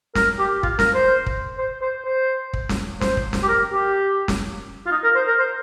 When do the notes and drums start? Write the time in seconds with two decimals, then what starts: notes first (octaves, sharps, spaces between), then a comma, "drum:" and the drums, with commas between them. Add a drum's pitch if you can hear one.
0.15 A#4, drum: snare
0.39 G4
0.63 F4, drum: kick
0.79 A#4, drum: snare
0.95 C5
1.26 drum: kick
1.58 C5
1.82 C5
2.06 C5
2.53 drum: kick
2.69 drum: snare
3.01 C5, drum: snare
3.17 drum: kick
3.33 drum: snare
3.43 G4
3.49 A#4
3.73 G4
4.28 drum: snare
4.86 F4
4.92 D#4
5.04 A#4
5.16 C5
5.28 A#4
5.39 C5